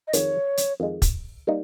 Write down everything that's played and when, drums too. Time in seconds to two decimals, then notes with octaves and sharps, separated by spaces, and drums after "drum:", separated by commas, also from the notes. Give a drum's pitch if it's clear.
0.07 D#5
0.13 F2 D#3 G#3 C#5, drum: hi-hat
0.57 drum: hi-hat
0.80 F2 D#3 G#3
1.02 drum: kick, hi-hat
1.47 G3 A#3 D#4